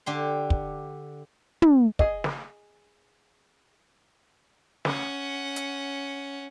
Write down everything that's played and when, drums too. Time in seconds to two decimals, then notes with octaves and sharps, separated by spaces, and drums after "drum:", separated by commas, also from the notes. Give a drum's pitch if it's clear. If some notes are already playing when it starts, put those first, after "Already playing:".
0.06 D3 G4 C6
0.50 drum: kick
1.62 drum: tom
1.99 G#4 D#5, drum: kick
2.24 drum: snare
4.85 C#4 F#5, drum: snare
5.56 drum: hi-hat